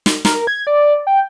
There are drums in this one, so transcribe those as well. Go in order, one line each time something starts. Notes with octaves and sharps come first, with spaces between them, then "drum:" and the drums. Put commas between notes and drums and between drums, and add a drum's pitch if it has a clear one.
drum: snare
A#4, drum: snare
G#6
D5
G5